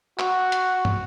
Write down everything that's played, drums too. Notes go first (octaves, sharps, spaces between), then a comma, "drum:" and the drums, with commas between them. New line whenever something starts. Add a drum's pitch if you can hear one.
F#4, drum: clap
drum: hi-hat
drum: tom